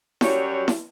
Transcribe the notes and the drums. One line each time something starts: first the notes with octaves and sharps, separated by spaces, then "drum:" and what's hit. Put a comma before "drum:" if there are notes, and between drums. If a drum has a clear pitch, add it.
F#2 F#3 G3 C#5, drum: snare E4
drum: snare E4